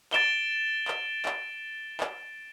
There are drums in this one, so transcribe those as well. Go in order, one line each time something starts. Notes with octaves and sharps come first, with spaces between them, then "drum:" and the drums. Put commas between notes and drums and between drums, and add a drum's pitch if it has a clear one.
A6 D7 E7 G7, drum: clap
drum: clap
drum: clap
drum: clap